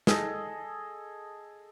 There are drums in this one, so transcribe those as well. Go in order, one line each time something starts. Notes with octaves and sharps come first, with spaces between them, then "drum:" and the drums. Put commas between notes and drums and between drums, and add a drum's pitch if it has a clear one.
G#4 A4 D#5, drum: snare